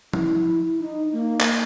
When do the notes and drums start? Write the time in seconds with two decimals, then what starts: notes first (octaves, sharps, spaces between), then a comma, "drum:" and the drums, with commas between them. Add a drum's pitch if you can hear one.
0.13 E4, drum: tom F3
0.80 D#4
1.12 A#3
1.40 drum: clap